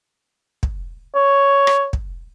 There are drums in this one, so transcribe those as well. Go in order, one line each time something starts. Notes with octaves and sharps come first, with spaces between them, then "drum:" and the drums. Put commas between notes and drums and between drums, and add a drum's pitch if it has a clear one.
drum: kick
C#5
drum: rim click
drum: kick